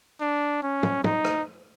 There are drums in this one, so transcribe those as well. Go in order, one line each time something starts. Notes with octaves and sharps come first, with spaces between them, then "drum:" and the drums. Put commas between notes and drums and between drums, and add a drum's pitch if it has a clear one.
D4
C#4
drum: tom
D#4, drum: tom
drum: rim click